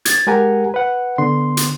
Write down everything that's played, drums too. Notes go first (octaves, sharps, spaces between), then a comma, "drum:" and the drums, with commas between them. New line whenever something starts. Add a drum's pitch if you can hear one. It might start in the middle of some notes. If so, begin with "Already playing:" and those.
G#6 A6, drum: hi-hat
G#3 G4 A#4 F#5 G#5 A#5
B4 F#5
D3 B3 C6
drum: hi-hat